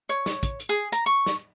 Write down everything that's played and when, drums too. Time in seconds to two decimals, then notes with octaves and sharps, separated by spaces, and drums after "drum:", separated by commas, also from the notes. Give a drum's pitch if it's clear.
0.09 C#5, drum: hi-hat
0.26 drum: snare
0.43 drum: kick, hi-hat
0.60 drum: hi-hat
0.69 G#4
0.92 A#5, drum: hi-hat
1.06 C#6
1.26 drum: snare